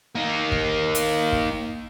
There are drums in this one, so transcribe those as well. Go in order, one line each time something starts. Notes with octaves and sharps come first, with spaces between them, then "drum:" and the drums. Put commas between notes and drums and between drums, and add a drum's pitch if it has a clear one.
A#3 D#4
drum: kick
drum: hi-hat
drum: kick